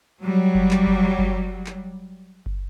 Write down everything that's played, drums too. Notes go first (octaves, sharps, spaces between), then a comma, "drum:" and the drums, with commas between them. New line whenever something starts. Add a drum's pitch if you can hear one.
F#3 G3
drum: kick F#1
drum: clap
drum: kick F#1
drum: kick F#1
drum: clap
drum: kick F#1